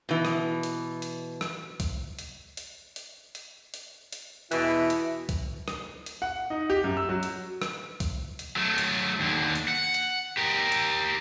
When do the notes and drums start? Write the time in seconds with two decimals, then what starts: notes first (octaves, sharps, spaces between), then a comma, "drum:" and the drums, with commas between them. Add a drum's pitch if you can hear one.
0.09 B2 E3
0.25 drum: rim click
0.63 drum: hi-hat
1.02 drum: hi-hat
1.41 drum: rim click
1.80 drum: kick C2, hi-hat
2.19 drum: hi-hat
2.57 drum: hi-hat
2.96 drum: hi-hat
3.35 drum: hi-hat
3.74 drum: hi-hat
4.12 drum: hi-hat
4.52 E2 B2 E3 E4, drum: hi-hat
4.90 drum: hi-hat
5.29 drum: kick C2, hi-hat
5.68 drum: rim click
6.06 drum: hi-hat
6.22 F#5
6.50 D#4
6.70 G4
6.84 F#2
6.97 E6
7.09 F#3
7.23 drum: hi-hat
7.62 drum: rim click
8.00 drum: kick C2, hi-hat
8.39 drum: hi-hat
8.56 F#3 A3
8.78 drum: hi-hat
9.20 D#2 D3
9.55 drum: hi-hat
9.68 F#5
9.94 drum: hi-hat
10.37 G4 A#4
10.72 drum: hi-hat